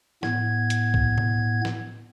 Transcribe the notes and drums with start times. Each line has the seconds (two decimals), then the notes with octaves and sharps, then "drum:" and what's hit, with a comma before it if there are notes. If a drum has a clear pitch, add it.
0.23 A2 B3 G#6, drum: snare
0.70 drum: hi-hat
0.94 drum: kick B1
1.18 drum: tom B2
1.65 drum: snare